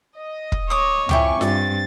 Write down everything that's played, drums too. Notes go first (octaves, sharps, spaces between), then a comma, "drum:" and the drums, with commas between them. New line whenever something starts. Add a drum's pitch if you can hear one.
D#5
drum: kick
C#5 D6 D#6
F2 E4 G5 G#5 C#6 D6, drum: tom C#2
G2 C4 A6, drum: snare F4